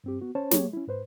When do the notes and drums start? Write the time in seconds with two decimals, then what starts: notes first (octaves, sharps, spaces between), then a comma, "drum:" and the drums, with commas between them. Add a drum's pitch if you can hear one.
0.04 G2 C4 G4
0.21 B3 F#4
0.35 C#4 C5 C#5 A5
0.51 F#3 A#3 G4 G#4 C#5, drum: snare
0.73 C#4 E4
0.87 G#2 B4 C5